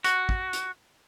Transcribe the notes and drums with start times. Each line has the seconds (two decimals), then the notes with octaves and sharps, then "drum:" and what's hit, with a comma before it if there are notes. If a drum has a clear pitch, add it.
0.04 F#4, drum: hi-hat
0.29 drum: kick
0.53 drum: hi-hat